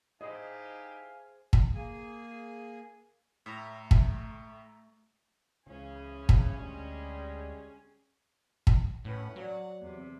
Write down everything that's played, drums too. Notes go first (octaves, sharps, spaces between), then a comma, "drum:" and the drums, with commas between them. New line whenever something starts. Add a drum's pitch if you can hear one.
D#4 E4 G4 G#4 C5 D#5 F5 G#5
drum: kick
A#3 G#4 G#5
A2 A3 E5 A#5
drum: kick
C#2 C#3 E3 C#4 G#4
drum: kick
D2 G3 G#3
drum: kick
A2 C#4 B4 F#5
F#3 D5 F#5
E2 C3